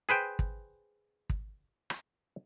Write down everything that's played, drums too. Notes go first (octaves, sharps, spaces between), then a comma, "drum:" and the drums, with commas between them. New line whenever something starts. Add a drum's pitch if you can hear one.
G#4 B4 C5 G5
drum: kick
drum: kick
drum: rim click